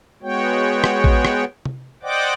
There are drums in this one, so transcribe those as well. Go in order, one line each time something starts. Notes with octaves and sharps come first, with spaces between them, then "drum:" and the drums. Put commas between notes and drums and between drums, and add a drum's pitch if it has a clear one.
G#3 B3 F#4 C#5 G5
drum: rim click
drum: kick A1
drum: rim click
drum: tom
C5 D5 D#5 F#5 G5 D6